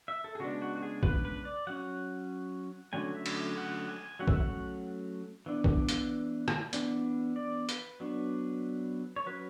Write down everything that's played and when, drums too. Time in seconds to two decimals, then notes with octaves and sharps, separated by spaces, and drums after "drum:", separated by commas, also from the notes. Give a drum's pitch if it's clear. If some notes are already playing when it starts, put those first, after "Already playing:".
0.08 E5
0.24 A4
0.35 G#4
0.40 C#3 G#3 B3 D4 F#4
0.62 F#4
0.76 F#4
0.82 G#4
1.03 B4, drum: kick
1.25 B4
1.45 D5
1.67 F#3 C#4 F#5
2.93 D3 F#3 A3 C#4 G#5
3.15 E5
3.26 drum: cymbal
3.57 F#5
3.89 G#5
4.19 F#3 A3 C#4 F#5
4.27 E5, drum: kick
4.36 F#5
5.46 E3 B3 D4
5.64 drum: kick
5.89 drum: hi-hat
6.48 drum: rim click
6.73 E3 B3 D4, drum: hi-hat
7.36 D5
7.69 B4, drum: hi-hat
8.00 F#3 B3 D4
9.16 C#5
9.26 F#3 C#4 B4